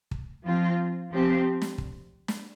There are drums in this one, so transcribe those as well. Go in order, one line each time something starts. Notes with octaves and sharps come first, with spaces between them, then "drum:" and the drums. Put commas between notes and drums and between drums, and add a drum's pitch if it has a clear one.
drum: kick
F3 C4 F4
F3 C4 G4
drum: snare
drum: kick
drum: snare